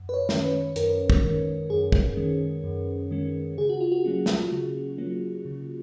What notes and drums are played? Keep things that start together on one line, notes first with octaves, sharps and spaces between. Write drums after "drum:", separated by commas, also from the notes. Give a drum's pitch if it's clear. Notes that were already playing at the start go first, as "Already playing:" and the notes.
Already playing: F#2
B4
C#5
D#3 G#3 C#4, drum: snare
B4
F#2 A#4, drum: hi-hat
drum: kick
D#3 G#3 C#4
F#2 G#4
drum: kick
D#3 G#3 C#4
F#2
D#3 G#3 C#4
C#3 G#4
F#4
F4
F#4
F#3 A#3 C#4
drum: snare
C#3
F#3 A#3 C#4
C#3